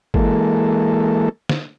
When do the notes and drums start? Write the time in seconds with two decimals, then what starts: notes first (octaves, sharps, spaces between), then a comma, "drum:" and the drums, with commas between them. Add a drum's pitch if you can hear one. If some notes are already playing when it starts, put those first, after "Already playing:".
0.14 E3 G#3 A#3 A4, drum: kick
1.49 drum: snare